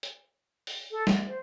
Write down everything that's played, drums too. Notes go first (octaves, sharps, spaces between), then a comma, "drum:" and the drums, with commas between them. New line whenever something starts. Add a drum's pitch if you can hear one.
drum: hi-hat
drum: open hi-hat
A4
drum: snare
C5